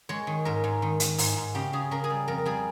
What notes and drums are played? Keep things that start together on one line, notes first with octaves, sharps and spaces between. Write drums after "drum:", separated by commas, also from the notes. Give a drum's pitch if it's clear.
G#3 C#5
D#3
G#2 A#4
G#2
D#3
D#3, drum: hi-hat
G#2, drum: open hi-hat
G#2
C#3 G4
C#3 G#4
C#3 A#4
G#4
G3
F2 A#4
G3 G#4